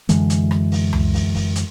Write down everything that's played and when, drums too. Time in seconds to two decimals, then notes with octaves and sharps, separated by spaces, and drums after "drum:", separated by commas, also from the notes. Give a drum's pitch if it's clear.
0.09 F#2 D3 E3 G#3, drum: hi-hat
0.30 drum: hi-hat
0.51 drum: rim click
0.72 drum: open hi-hat
0.93 drum: tom C#2
1.14 drum: open hi-hat
1.35 drum: kick, open hi-hat
1.56 drum: hi-hat